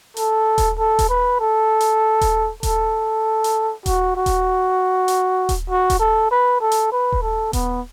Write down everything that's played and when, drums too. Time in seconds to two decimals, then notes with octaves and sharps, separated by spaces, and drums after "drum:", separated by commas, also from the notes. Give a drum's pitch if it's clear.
0.17 A4, drum: hi-hat
0.58 drum: kick D#1, hi-hat
0.79 A4
0.99 drum: kick D#1, hi-hat
1.09 B4
1.40 A4
1.80 drum: hi-hat
2.21 drum: kick D#1, hi-hat
2.63 A4, drum: kick D#1, hi-hat
3.44 drum: hi-hat
3.86 F#4, drum: kick D#1, hi-hat
4.16 F#4
4.26 drum: kick D#1, hi-hat
5.08 drum: hi-hat
5.49 drum: kick D#1, hi-hat
5.70 F#4
5.90 drum: kick D#1, hi-hat
6.00 A4
6.31 B4
6.61 A4
6.72 drum: hi-hat
6.92 B4
7.12 drum: kick D#1
7.22 A4
7.53 B3, drum: kick D#1, hi-hat